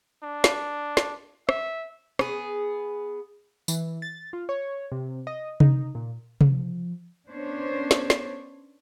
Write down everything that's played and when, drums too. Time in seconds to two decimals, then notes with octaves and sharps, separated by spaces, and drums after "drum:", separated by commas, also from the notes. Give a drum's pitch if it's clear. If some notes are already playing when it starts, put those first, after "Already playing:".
0.23 D4
0.44 drum: snare
0.97 drum: snare
1.49 E5, drum: rim click
2.19 B3 G#4, drum: rim click
3.68 E3, drum: tambourine
4.02 A6
4.33 F4
4.49 C#5
4.92 C3
5.27 D#5
5.60 D#4, drum: tom C3
5.95 A#2
6.41 F3, drum: tom C3
7.29 B3 C#4 D4 C5 C#5
7.91 drum: snare
8.10 drum: snare